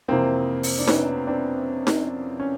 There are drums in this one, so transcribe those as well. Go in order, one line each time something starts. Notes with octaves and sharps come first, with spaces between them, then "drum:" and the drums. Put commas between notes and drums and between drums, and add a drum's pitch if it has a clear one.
F2 C3 E3 A#3 C4
drum: open hi-hat
D4
B3 C#4, drum: snare D#4
C4 D4
drum: snare D#4
C#4